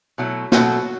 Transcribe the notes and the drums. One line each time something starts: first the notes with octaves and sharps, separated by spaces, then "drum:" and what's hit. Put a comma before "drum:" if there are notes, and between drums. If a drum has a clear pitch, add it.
B2 F#3 A3 E4
B2 F#3 A3 F#4, drum: snare